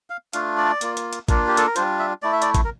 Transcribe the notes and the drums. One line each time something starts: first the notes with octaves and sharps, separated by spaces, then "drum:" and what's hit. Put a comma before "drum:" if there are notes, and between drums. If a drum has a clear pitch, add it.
F5
A3 D4 F4 F5, drum: hi-hat
D5
A#3 F4, drum: hi-hat
drum: hi-hat
drum: hi-hat
A#3 D4 F4, drum: kick A1, hi-hat
G4
A4, drum: hi-hat
A#4
G3 D4 F4 C5, drum: hi-hat
E5
A3 E4 D5
E5
D5, drum: hi-hat
drum: kick A1, hi-hat
A#4